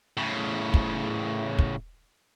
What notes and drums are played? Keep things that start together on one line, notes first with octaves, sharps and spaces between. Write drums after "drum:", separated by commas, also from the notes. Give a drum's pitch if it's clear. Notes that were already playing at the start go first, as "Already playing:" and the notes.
A2 C#3
drum: kick
drum: kick